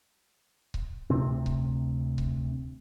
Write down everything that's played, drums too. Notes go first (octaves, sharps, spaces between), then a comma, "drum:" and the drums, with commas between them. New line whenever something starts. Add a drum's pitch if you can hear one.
drum: kick C#1
D2 C3 C4
drum: kick C#1
drum: kick C#1